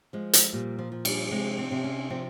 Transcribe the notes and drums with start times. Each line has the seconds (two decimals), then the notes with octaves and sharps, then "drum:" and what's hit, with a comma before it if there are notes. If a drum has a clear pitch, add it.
0.13 F3 G#3
0.33 drum: hi-hat
0.53 A#2 G3
0.79 F3
0.92 F3
1.05 G3, drum: cymbal
1.31 C3 G#3
1.58 C4
1.71 C3
1.84 C#4
2.10 F3 C4